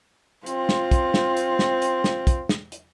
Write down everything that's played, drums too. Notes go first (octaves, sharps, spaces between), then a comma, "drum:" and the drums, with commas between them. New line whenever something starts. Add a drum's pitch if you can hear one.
C4 F4, drum: hi-hat
drum: snare
drum: kick, hi-hat
drum: snare
drum: hi-hat
drum: snare
drum: hi-hat
drum: snare
drum: kick, hi-hat
drum: snare
drum: hi-hat